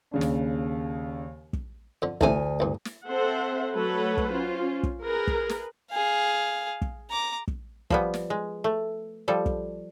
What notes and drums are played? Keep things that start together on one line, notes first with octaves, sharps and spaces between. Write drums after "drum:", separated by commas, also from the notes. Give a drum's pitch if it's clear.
D#2 C#3 D4
drum: snare
drum: kick
F2 D3
A1 D2 A2 C3 G#5, drum: kick
C2 G2
drum: snare
C4 A4 C5 E5 F#5
F#3 A3 A4 B4 C#5 F#5
drum: kick
C#4 F4 C5
drum: kick
G#4 A#4 B4
drum: kick
drum: snare
G#4 F5
drum: kick
A#5 D6
drum: kick
F3 G3 B3, drum: kick
drum: snare
G#3
A3
F3 G3 A4
drum: kick